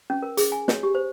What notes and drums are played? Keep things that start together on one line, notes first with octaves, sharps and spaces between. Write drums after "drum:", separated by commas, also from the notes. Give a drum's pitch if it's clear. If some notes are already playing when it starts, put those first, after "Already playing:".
C#4
A#4
G#4, drum: hi-hat
G#5
C#5, drum: snare
G4
C5